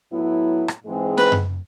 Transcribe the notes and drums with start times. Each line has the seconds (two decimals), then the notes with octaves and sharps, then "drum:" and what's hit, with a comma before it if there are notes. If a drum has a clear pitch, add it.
0.12 A2 F#3 B3 E4
0.68 drum: rim click
0.83 G#2 E3 G#3 C4
1.18 B4, drum: snare
1.32 drum: tom F#2